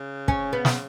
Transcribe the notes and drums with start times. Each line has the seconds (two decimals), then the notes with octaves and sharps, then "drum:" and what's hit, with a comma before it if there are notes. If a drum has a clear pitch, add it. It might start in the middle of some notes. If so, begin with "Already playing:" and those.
Already playing: C#3
0.28 C#4, drum: kick
0.53 B3
0.65 drum: snare